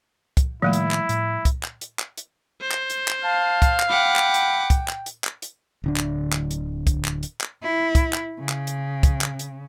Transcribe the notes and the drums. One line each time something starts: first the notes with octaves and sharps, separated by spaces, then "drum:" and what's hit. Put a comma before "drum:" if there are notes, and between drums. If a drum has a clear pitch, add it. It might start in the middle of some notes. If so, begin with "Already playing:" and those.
drum: kick, hi-hat
A2 D#3 F3 G3 A3 A#3 E4
drum: hi-hat
drum: clap
A2, drum: hi-hat
drum: kick, hi-hat
drum: clap
drum: hi-hat
drum: clap
drum: hi-hat
C5
drum: clap
drum: hi-hat
drum: clap
F5 A5
drum: kick, hi-hat
drum: clap
F#5 G5 B5 D6
drum: clap
drum: hi-hat
drum: kick, hi-hat
drum: clap
drum: hi-hat
drum: clap
drum: hi-hat
D1 D3 D4
drum: clap
drum: clap
drum: hi-hat
drum: kick, hi-hat
drum: clap
drum: hi-hat
drum: clap
E4
drum: kick, hi-hat
drum: clap
C#3
drum: clap
drum: hi-hat
drum: kick, hi-hat
drum: clap
drum: hi-hat